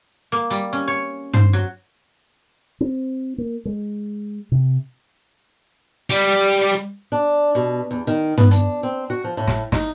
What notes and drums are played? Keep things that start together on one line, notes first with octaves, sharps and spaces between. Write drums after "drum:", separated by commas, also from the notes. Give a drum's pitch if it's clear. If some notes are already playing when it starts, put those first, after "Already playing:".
A#3
G3, drum: hi-hat
C#4
C#5
C5, drum: tom G2
F#3
C4
A#3
G#3
C3
G3 G4
D4
B2
E2
D#3
B3, drum: tom G2
D4, drum: hi-hat
C4
F#4
F3
A2
drum: snare
D#4, drum: snare